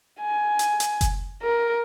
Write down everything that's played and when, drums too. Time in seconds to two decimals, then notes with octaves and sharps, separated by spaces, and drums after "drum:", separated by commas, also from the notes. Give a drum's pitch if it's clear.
0.21 G#5
0.59 drum: hi-hat
0.80 drum: hi-hat
1.01 drum: kick F#1, hi-hat
1.42 A#4